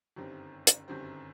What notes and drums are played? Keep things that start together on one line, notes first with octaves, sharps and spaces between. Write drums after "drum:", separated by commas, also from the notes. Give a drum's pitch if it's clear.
G1 F#2 D#3 G3 C4
drum: hi-hat
G1 F#2 D#3 G3 C4